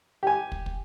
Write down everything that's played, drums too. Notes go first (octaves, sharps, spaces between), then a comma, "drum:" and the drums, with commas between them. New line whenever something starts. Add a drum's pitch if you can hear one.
G4 G#5
drum: kick
drum: kick